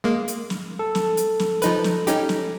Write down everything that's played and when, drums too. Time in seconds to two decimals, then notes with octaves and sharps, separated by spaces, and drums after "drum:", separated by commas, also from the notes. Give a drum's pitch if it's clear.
0.04 G#3 A#3
0.28 drum: hi-hat
0.50 drum: snare
0.79 A4
0.95 drum: snare
1.17 drum: hi-hat
1.40 drum: snare
1.62 F3 D#4 B4, drum: hi-hat
1.84 drum: snare
2.07 C#4 D#4 G4, drum: hi-hat
2.29 drum: snare